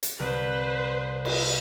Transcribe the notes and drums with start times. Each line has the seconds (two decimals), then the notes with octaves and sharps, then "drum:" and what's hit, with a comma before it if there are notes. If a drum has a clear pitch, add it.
0.03 drum: hi-hat
0.19 C2 B4 C5
1.25 drum: cymbal